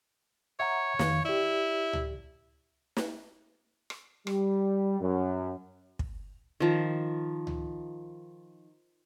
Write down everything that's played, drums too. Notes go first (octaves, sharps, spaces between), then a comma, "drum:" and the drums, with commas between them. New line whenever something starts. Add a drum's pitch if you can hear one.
C#5 E5 F#5 A#5
F2 D#3 F5, drum: snare
E4 G4 D5
drum: tom C#2
drum: snare
drum: rim click
G3, drum: rim click
F#2
drum: kick
D#3 F3
drum: tom C#2